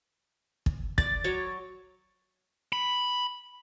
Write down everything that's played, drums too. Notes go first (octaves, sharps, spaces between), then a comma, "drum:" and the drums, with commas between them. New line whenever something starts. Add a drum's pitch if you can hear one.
drum: kick
D5 A6, drum: kick
F#3 C#5 D6
B5